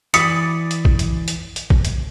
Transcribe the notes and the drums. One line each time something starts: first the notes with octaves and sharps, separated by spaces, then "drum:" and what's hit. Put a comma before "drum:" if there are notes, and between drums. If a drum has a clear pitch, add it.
E3 D5 B5 D#6 C#7, drum: hi-hat
drum: hi-hat
drum: kick
drum: hi-hat
drum: hi-hat
drum: hi-hat
drum: kick
drum: hi-hat